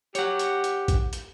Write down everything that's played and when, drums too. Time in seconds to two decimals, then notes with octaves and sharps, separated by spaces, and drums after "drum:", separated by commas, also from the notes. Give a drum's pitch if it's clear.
0.15 G4 C#5 F#5, drum: hi-hat
0.39 drum: hi-hat
0.64 drum: hi-hat
0.88 drum: kick A1, hi-hat
1.13 drum: hi-hat